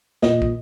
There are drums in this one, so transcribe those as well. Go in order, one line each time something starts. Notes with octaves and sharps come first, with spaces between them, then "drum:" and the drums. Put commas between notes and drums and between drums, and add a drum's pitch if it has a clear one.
A#2 D#5, drum: snare
drum: kick